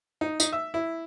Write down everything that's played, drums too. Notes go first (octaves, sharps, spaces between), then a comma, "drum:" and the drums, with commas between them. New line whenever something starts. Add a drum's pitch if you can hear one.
D#4
D#4, drum: tambourine
E5
E4